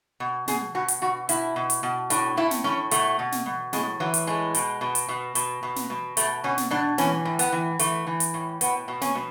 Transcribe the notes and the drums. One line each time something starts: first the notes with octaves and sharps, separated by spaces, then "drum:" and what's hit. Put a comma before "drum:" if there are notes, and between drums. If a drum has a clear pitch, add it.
B2
B2 G#4, drum: snare
B2 F#4
drum: hi-hat
B2 F#4
B2 E4, drum: hi-hat
B2
drum: hi-hat
B2
A2 D4, drum: hi-hat
A2 E4
drum: snare
A2 C#4
B2 A3, drum: hi-hat
B2
drum: snare
B2
A2 G#3, drum: snare
E3 F#3
drum: hi-hat
A2 G#3
B2, drum: hi-hat
B2
drum: hi-hat
B2
B2, drum: hi-hat
B2
drum: snare
B2
B2 A3, drum: hi-hat
B2 C#4
drum: snare
B2 D4
E3 C#4, drum: snare
A2
B3, drum: hi-hat
E3
E3 A3, drum: hi-hat
E3
drum: hi-hat
A2
B2 B3, drum: hi-hat
B2
C#4, drum: snare
B2